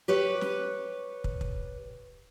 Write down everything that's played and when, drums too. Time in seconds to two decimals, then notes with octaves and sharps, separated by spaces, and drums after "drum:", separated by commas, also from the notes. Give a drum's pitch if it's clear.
0.08 G4 B4 C#5
0.41 drum: snare
1.24 drum: kick
1.41 drum: kick